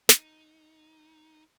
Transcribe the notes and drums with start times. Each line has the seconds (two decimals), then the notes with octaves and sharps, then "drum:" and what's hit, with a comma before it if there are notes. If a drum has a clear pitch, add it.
0.09 D#4, drum: snare